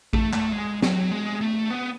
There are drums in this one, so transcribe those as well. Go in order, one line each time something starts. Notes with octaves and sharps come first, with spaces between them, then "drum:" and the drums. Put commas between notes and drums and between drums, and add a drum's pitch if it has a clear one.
A3, drum: kick A1
A3, drum: clap
G#3
F#3, drum: snare
G#3
A3
B3